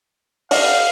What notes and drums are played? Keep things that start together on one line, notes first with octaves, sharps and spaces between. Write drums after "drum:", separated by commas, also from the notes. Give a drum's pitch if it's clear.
D5 D#5 F5 F#5, drum: open hi-hat